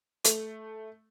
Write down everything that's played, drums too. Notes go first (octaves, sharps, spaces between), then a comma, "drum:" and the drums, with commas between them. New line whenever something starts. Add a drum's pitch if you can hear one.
A3, drum: hi-hat